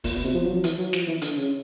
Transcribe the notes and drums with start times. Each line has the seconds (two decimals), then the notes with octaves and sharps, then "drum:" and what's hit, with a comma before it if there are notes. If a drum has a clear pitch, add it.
0.04 A#2, drum: kick, open hi-hat
0.15 B2
0.24 C3
0.34 F3
0.44 F#3
0.53 F3
0.64 E3, drum: hi-hat
0.78 F#3
0.93 F3, drum: snare
1.07 E3
1.21 D3, drum: hi-hat
1.37 C#3